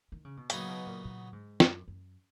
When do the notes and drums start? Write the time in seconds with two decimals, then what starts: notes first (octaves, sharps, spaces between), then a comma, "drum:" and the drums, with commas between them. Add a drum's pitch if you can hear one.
0.12 D#3
0.25 C#3
0.37 B2
0.50 A#2 C#3 F#3 B3 D#4, drum: hi-hat
0.69 B2
0.86 A#2
1.05 A#2
1.33 G#2
1.60 F#2, drum: snare
1.88 F#2